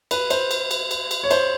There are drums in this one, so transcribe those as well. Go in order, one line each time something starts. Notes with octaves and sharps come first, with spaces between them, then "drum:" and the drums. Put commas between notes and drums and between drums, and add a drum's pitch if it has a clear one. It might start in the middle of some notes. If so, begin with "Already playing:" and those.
B4, drum: cymbal
C5, drum: cymbal
drum: cymbal
drum: cymbal
drum: cymbal
drum: cymbal
C#5
C5, drum: cymbal